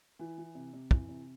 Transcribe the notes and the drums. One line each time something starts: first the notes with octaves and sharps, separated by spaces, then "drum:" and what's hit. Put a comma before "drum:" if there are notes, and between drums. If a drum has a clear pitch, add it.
E3
E3
C3
C3
E3, drum: kick
C3